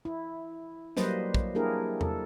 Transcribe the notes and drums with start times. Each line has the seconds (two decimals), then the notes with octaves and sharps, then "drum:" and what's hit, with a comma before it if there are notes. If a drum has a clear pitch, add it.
0.05 E4
0.97 F#3 G3 A#3 B4 C5 D#5, drum: snare
1.34 drum: kick
1.55 A#3 D4 E4 G4 G#4 A#4
2.01 A4, drum: tom E2